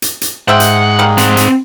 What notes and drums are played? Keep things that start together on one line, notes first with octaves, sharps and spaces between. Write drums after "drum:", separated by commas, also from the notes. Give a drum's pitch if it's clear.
drum: hi-hat
drum: hi-hat
G#2 C5 E5 F#5 G5
drum: hi-hat
G3 A#3
C4 F#5, drum: hi-hat
drum: hi-hat